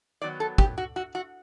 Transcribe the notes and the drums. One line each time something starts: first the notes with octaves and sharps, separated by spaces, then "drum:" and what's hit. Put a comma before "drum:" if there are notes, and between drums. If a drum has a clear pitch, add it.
D#3 F#3 B3 D5
A4
G4, drum: kick
F#4
F#4
F#4